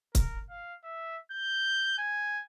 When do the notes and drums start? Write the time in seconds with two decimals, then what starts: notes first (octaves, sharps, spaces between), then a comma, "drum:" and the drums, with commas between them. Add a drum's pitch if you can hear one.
0.15 A#4, drum: kick C#1, hi-hat
0.50 F5
0.84 E5
1.31 G6
1.98 G#5